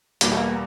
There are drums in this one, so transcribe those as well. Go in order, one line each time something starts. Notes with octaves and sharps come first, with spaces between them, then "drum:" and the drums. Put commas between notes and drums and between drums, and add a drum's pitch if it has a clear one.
E2 B2 G3 A#3, drum: hi-hat
A3
A#3